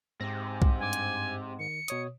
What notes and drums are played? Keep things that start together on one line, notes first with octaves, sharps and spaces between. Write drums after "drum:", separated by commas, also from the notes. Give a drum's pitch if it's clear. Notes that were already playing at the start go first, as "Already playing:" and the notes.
G#2 C4 G4 A#6
drum: kick B1
G2 G#5 D6
drum: hi-hat
D#3 C#7
B2 C#5 D#6, drum: hi-hat